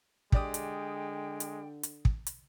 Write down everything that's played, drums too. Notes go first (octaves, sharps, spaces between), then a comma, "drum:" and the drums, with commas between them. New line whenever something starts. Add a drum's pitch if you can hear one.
D3 G#3 G4 D5 G5 D#6, drum: kick
drum: hi-hat
drum: hi-hat
drum: hi-hat
drum: kick
drum: hi-hat